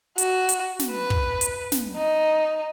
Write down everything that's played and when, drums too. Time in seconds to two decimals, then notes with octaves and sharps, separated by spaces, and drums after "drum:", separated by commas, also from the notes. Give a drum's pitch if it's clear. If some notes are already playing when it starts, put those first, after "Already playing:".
0.18 F#4, drum: hi-hat
0.49 drum: hi-hat
0.79 drum: snare
0.91 B4
1.10 drum: kick
1.41 drum: hi-hat
1.72 drum: snare
1.97 D#4